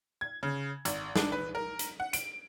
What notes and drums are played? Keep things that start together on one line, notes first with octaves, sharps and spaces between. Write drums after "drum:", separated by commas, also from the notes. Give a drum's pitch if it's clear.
G#6
C#3
G#1, drum: hi-hat
D4, drum: snare
B4
A#4
drum: hi-hat
F#5
D7, drum: hi-hat